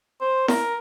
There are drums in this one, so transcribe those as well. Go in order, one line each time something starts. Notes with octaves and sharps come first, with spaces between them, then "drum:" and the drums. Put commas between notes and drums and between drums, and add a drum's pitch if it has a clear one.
C5
A#4, drum: snare E4